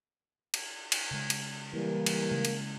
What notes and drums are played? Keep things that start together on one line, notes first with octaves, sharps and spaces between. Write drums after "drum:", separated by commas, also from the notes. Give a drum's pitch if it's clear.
drum: cymbal
drum: cymbal
C#3 G#3
drum: cymbal
E3 G3 A#3 E4
drum: cymbal
C#3 G#3
drum: cymbal